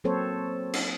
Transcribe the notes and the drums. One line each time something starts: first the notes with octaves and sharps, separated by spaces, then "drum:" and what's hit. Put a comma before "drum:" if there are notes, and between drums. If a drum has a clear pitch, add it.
F#3 A#3 C4 A4 C5 C#5
drum: cymbal